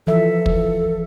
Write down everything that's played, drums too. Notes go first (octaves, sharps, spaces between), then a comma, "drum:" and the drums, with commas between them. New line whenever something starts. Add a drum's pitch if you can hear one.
E3 F3 A4 E5
drum: kick